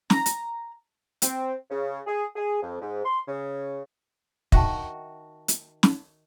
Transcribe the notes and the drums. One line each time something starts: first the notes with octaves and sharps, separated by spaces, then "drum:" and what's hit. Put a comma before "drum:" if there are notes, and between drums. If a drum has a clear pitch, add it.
A#5, drum: snare
drum: hi-hat
C4, drum: hi-hat
C#3
G#4
G#4
F2
G#2
C6
C#3
D#3 F#4 E5 G5 A5, drum: kick
drum: hi-hat
drum: snare